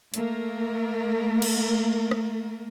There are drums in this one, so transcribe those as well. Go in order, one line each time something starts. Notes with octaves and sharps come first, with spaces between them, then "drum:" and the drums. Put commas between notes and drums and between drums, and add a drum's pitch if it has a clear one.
A3 A#3 A#4, drum: hi-hat
drum: cymbal
drum: rim click